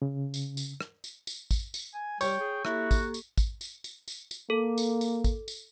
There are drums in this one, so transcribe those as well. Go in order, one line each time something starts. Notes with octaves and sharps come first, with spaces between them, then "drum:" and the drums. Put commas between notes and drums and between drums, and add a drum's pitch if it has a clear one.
C#3
drum: tambourine
drum: tambourine
drum: rim click
drum: tambourine
drum: tambourine
drum: kick, tambourine
drum: tambourine
G#5
G3 C#5 G5, drum: tambourine
G#4
A#3 E4 F#4 G4 A4, drum: rim click
drum: kick, tambourine
drum: tambourine
drum: kick, tambourine
drum: tambourine
drum: tambourine
drum: tambourine
drum: tambourine
A#3 A4
drum: tambourine
drum: tambourine
drum: kick, tambourine
drum: tambourine